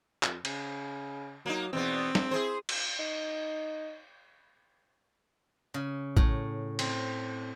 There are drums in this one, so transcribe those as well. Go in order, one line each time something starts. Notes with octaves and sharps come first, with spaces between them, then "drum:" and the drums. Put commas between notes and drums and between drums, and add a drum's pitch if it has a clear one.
F2, drum: clap
C#3, drum: cymbal
F#3 A#3 D#4
E2 B2 B3 C4
drum: snare
E4 G#4 C5
drum: cymbal
D#4
C#3
A2, drum: kick
C4, drum: cymbal